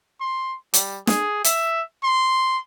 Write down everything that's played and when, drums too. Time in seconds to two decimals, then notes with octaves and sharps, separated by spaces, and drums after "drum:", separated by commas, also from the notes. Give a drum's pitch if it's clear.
0.20 C6
0.74 G3, drum: hi-hat
1.07 G#4, drum: snare
1.44 E5, drum: hi-hat
2.04 C6